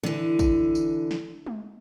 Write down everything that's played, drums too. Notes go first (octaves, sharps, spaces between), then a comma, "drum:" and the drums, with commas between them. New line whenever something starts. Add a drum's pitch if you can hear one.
D3 E3, drum: tom D3
drum: kick, tambourine
drum: tambourine
drum: snare
drum: tom G#3